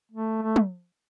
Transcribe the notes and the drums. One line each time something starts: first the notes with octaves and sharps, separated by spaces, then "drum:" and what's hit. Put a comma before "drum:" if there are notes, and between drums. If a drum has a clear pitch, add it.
A3
A3
drum: tom